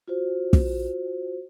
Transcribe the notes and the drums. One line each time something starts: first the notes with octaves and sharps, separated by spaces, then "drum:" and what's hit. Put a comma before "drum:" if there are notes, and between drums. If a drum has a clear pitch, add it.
F4 F#4 C5
drum: kick